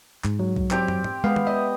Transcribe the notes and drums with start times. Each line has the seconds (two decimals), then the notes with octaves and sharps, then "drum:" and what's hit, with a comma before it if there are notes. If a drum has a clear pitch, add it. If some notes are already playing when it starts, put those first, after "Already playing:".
0.25 G#2, drum: clap
0.39 F#3
0.56 drum: kick B1
0.71 C4 G4 D6, drum: clap
0.88 drum: tom
1.04 drum: tom G#2
1.24 G#3 B3 F5
1.36 drum: tom
1.47 D#5 E5